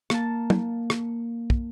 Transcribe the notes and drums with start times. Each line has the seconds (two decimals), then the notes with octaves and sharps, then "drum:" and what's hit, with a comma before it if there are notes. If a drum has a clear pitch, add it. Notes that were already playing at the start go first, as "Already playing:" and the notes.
0.10 A#3 A5, drum: rim click
0.50 drum: tom
0.90 drum: rim click
1.50 drum: kick